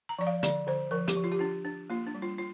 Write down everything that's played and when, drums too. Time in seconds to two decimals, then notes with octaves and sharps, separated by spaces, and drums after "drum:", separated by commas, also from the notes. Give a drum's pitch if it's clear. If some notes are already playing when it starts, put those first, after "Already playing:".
0.09 A#5
0.19 F3 D5
0.27 F5
0.43 D3 D5, drum: hi-hat
0.67 D3 C5
0.91 F3 A#4
1.08 G4, drum: hi-hat
1.16 F3
1.24 F4
1.32 G4
1.39 D4 F4
1.65 D4
1.90 A#3 F4
2.07 D4
2.14 G3
2.22 F4
2.38 F4